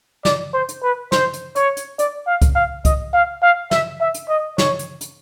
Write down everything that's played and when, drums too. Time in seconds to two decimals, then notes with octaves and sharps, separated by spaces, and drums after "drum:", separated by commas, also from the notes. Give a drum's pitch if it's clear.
0.25 D5, drum: snare
0.54 C5
0.69 drum: hi-hat
0.83 B4
1.12 C5, drum: snare
1.34 drum: hi-hat
1.56 C#5, drum: hi-hat
1.77 drum: hi-hat
1.99 D5, drum: hi-hat
2.27 F5
2.42 drum: kick C2, hi-hat
2.56 F5
2.85 D#5, drum: kick C2, hi-hat
3.14 F5
3.43 F5
3.71 E5, drum: snare
4.00 E5
4.14 drum: hi-hat
4.29 D#5
4.58 C#5, drum: snare
4.79 drum: hi-hat
5.01 drum: hi-hat